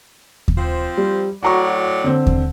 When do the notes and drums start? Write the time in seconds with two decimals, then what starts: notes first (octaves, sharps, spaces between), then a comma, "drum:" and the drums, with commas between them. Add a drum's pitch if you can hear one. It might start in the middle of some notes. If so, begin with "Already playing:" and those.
0.48 drum: kick D#2
0.58 F3 C4
0.97 G3
1.43 A2 F#3 F#4 D5 A#5 C#6
2.04 D3 C4
2.27 drum: kick D#2